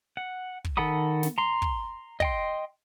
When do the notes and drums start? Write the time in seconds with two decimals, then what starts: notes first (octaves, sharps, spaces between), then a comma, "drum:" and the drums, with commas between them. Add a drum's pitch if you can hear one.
0.17 F#5
0.64 drum: kick
0.77 D#3 A4 F#5 B5 D#6
1.23 drum: snare
1.38 A#5 C6
1.62 drum: kick
2.20 D#5 G5 C6, drum: kick